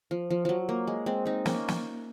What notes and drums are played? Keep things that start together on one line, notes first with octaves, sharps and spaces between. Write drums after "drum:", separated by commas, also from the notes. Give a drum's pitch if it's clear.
F3
F3
F3 F#3
A#3
G#3
G#3 C4
C4 D#4
A#3 C#4, drum: snare
drum: snare